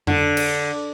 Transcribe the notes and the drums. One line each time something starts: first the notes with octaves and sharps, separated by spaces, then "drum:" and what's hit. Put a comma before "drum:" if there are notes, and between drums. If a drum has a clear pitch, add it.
D3, drum: tom F2
drum: cymbal